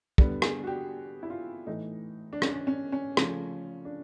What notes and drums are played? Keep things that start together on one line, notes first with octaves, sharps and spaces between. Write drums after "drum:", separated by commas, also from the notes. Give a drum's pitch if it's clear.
D3 G3 B3, drum: kick
G#4, drum: rim click
F#4
G4
E4
F4
A2 E3 A3 D#4
D4
C#4, drum: rim click
C#4
C#4
C#3 F3 A3 C#4, drum: rim click
D4